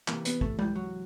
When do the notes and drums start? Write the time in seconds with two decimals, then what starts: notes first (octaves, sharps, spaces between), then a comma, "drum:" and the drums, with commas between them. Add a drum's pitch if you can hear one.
0.08 C3 E3 A#3, drum: clap
0.25 B3, drum: hi-hat
0.41 A3, drum: kick
0.59 G3, drum: tom G#3
0.75 F#3